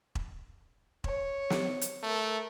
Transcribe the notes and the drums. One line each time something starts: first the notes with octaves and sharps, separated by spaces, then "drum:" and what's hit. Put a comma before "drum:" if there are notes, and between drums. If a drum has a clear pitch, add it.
drum: kick E1
C#5, drum: kick E1
drum: snare
drum: hi-hat
A3 A#4